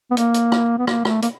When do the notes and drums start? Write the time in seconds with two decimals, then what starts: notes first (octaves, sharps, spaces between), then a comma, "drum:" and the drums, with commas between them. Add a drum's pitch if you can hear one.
0.11 B3
0.17 A#3, drum: hi-hat
0.34 drum: hi-hat
0.52 drum: rim click
0.78 B3
0.87 A#3, drum: rim click
1.05 A3, drum: rim click
1.22 A#3, drum: hi-hat